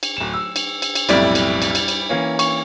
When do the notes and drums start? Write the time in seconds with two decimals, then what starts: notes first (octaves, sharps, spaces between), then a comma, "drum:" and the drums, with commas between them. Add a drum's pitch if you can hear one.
0.03 drum: cymbal
0.17 D1 E7
0.34 E6
0.56 drum: cymbal
0.82 drum: cymbal
0.95 drum: cymbal
1.09 B1 F2 A2 G3 E4 D5, drum: cymbal
1.35 drum: cymbal
1.62 drum: cymbal
1.75 drum: cymbal
1.88 drum: cymbal
2.09 E3 A#3 C#4
2.39 C#6, drum: cymbal